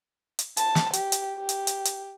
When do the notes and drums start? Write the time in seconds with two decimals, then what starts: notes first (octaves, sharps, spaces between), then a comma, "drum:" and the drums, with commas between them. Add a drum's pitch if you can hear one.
0.39 drum: hi-hat
0.57 A5, drum: hi-hat
0.75 drum: snare
0.93 G4, drum: hi-hat
1.12 drum: hi-hat
1.37 G4
1.49 drum: hi-hat
1.67 drum: hi-hat
1.85 drum: hi-hat